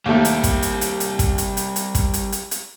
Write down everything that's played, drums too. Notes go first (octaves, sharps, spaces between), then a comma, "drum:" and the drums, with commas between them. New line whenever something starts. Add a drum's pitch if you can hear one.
D#2 G3 A3 C4
drum: hi-hat
drum: kick, hi-hat
drum: hi-hat
drum: hi-hat
drum: hi-hat
drum: kick, hi-hat
drum: hi-hat
drum: hi-hat
drum: hi-hat
drum: kick, hi-hat
drum: hi-hat
drum: hi-hat
drum: hi-hat